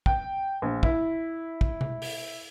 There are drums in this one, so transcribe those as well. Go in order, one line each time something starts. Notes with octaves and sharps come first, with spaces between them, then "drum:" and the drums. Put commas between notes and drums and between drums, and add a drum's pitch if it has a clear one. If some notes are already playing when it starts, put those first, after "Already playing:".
G5, drum: kick
A#1
E4, drum: kick
drum: kick
drum: tom C3
drum: open hi-hat